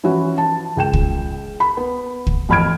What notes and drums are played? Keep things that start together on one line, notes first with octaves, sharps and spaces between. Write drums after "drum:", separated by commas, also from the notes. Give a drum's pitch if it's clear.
E3 F3 C#4 E4 F#4
A5
C#2 G5 E7
drum: kick
B5
B3
drum: kick
A1 F2 B5 F6 G#6 D7